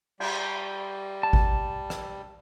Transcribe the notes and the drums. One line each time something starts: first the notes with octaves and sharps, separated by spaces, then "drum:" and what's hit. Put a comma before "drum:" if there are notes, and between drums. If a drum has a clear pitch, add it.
G3, drum: cymbal
A5
drum: kick G#1
drum: rim click